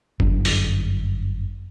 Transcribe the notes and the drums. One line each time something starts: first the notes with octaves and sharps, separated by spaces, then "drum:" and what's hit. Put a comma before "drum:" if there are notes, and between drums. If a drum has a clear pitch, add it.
G1 F#2 D4, drum: kick F#1
drum: open hi-hat